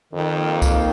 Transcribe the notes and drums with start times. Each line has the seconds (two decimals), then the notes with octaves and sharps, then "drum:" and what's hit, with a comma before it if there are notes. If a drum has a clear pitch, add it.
0.13 F2 D#3
0.38 A#3
0.62 D#3, drum: kick C2, tambourine